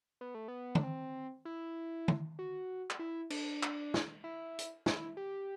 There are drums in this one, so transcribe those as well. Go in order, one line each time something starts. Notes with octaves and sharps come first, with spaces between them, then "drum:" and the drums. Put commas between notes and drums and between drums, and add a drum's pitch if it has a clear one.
B3
A3
B3
D4, drum: tom
C4
E4
drum: tom
F#4
drum: clap
E4
D4, drum: cymbal
drum: clap
drum: snare
E4
drum: hi-hat
E4, drum: snare
G4